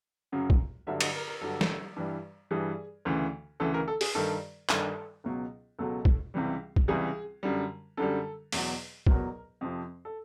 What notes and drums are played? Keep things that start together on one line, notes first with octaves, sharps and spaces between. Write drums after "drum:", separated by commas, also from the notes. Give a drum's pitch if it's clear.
F#2 C#3 F#3
drum: kick
G2 D3 F#3 E5
D#5, drum: cymbal
A#4
A#4
G2 D3 F#3 A4
drum: snare
G2 E3 G3
G2 E3 G3 G#4
D2 C#3 E3
D2 C#3 E3 A4
A#4
A4
G#4, drum: open hi-hat
G2 D#3 G3 A4
G2 D#3 G3 A4, drum: clap
C#2 B2 F#3
C#2 B2 F#3 A4
drum: kick
C#2 C3 E3 G3
drum: kick
C#2 C3 E3 G3 G#4
F#2 D3 G3
F#2 D3 G3 A4
E2 B2 F#3, drum: open hi-hat
E2 B2 F#3 A#4, drum: kick
F2 C3 F3
A4